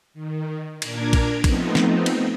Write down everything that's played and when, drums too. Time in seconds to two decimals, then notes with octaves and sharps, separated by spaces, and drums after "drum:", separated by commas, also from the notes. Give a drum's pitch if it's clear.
0.14 D#3
0.82 A#2 D4 A#4 A#5 D6 G#6, drum: cymbal
1.13 drum: kick, cymbal
1.44 F3 A3 B3 C4 D#4, drum: kick, cymbal
1.75 drum: snare
2.06 drum: cymbal